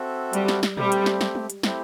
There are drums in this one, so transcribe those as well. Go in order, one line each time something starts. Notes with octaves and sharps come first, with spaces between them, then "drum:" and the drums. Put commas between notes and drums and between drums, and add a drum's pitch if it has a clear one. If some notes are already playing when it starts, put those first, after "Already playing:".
Already playing: C4 F#4 A4 E5
G3, drum: hi-hat
drum: snare
drum: snare
G3 A3 C4 G4, drum: tom A#2
drum: hi-hat
drum: snare
drum: snare
drum: tom G#3
drum: hi-hat
A3 C4 E4 G4, drum: snare